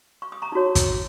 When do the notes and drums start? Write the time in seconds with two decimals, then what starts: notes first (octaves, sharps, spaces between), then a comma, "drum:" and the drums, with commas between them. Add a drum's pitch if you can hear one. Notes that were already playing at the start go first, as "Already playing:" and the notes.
0.22 C#6
0.32 D#6
0.42 A#5 C#6
0.52 D#4 F#4 C#5
0.75 drum: kick, hi-hat